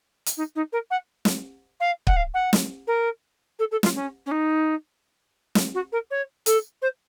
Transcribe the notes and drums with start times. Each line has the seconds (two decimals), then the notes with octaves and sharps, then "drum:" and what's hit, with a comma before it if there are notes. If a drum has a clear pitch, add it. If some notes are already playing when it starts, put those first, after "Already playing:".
0.26 drum: hi-hat
0.37 D#4
0.55 D#4
0.72 A#4
0.90 F#5
1.25 drum: snare
1.80 F5
2.07 F#5, drum: kick C#1
2.16 F5
2.34 F#5
2.53 drum: snare
2.87 A#4
3.59 A4
3.71 A4
3.83 F4, drum: snare
3.95 C#4
4.26 C#4
4.31 D#4
5.55 drum: snare
5.74 F#4
5.92 A#4
6.10 C#5
6.46 A4, drum: hi-hat
6.82 C5